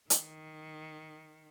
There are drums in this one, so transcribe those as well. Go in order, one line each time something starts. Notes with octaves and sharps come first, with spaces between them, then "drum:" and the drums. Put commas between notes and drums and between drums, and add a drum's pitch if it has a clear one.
D#3, drum: hi-hat